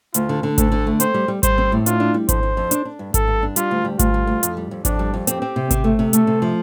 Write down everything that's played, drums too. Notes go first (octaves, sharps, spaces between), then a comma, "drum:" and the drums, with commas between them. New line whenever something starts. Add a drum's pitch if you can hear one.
D2 F4, drum: hi-hat
D3
D3
D2 A4, drum: kick G#1, hi-hat
D3
A3
C4 C5, drum: hi-hat
G3
G3
G3 C5, drum: kick G#1, hi-hat
C4
A2
D4 F4, drum: hi-hat
D4
G3
F2 C5, drum: kick G#1, hi-hat
F2
F2
D4, drum: hi-hat
D4
G2
G2 A4, drum: kick G#1, hi-hat
G2
D4
G3 F4, drum: hi-hat
D2
G3
D2 F4, drum: kick G#1, hi-hat
G3
D2
F2, drum: hi-hat
G3
F2
F2 D4, drum: kick G#1, hi-hat
G3
F2
C4 G4, drum: hi-hat
C4
C3
C4, drum: kick G#1, hi-hat
A3
C3
A3 A4, drum: hi-hat
C3
F3